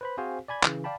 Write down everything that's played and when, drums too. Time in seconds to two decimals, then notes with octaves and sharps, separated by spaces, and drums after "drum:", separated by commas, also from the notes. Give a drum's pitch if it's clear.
0.01 B4 C5 B5
0.17 C4 F#4 G#4 C5 F5 G#5
0.48 D5 G#5 B5 G#6
0.63 C#3 E3, drum: clap
0.84 D5 F5 G5 A5 B5